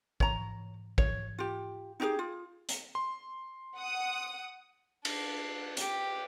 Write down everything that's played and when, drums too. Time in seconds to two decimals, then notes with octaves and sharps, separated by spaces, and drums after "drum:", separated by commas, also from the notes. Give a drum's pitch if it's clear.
0.20 C#5 A#5, drum: kick
0.98 C#5, drum: kick
1.38 F4 G4
2.00 D#4 E4 G4 G#4
2.19 F4
2.69 drum: hi-hat
2.95 C6
3.76 F#5 D#6
5.05 D4, drum: cymbal
5.77 G4, drum: hi-hat